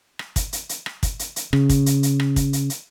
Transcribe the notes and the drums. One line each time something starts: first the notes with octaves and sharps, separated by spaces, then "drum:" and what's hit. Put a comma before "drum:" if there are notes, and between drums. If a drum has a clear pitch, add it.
drum: rim click
drum: kick, hi-hat
drum: hi-hat
drum: hi-hat
drum: rim click
drum: kick, hi-hat
drum: hi-hat
drum: hi-hat
C#3, drum: rim click
drum: kick, hi-hat
drum: hi-hat
drum: hi-hat
drum: rim click
drum: kick, hi-hat
drum: hi-hat
drum: hi-hat